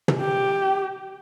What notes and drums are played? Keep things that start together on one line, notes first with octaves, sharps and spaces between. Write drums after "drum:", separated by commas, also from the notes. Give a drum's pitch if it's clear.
drum: tom
G4